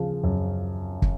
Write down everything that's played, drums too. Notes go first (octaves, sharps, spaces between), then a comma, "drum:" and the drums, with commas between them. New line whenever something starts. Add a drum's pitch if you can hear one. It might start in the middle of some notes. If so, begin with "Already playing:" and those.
Already playing: C#3 F3
F#2
drum: kick